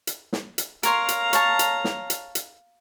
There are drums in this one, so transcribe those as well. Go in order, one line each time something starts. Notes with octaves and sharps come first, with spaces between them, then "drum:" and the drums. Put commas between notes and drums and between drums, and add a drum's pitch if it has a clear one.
drum: hi-hat
drum: snare
drum: hi-hat
A#4 C#5 F5 A#5 C6, drum: hi-hat
drum: hi-hat
C#5 A5, drum: hi-hat
drum: hi-hat
drum: snare
drum: hi-hat
drum: hi-hat